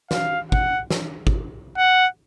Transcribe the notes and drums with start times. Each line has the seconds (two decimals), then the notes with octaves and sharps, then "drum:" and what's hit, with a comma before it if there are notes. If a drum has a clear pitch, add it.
0.11 F5, drum: snare
0.52 F#5, drum: kick
0.91 drum: snare
1.27 drum: kick
1.78 F#5